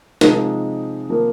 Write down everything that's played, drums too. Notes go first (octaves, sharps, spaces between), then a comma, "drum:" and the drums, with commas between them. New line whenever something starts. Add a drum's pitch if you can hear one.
C3 F3 G#3 D#4, drum: snare
C3 F3 A#3